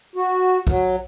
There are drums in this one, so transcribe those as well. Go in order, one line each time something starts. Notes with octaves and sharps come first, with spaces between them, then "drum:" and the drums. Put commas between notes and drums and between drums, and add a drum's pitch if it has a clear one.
F#4
F#3, drum: kick A#1, tambourine